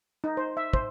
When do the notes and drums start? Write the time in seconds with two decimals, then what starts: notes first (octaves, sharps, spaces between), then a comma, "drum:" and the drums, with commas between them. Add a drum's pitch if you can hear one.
0.24 D#4
0.37 C5
0.57 E5
0.73 C5, drum: kick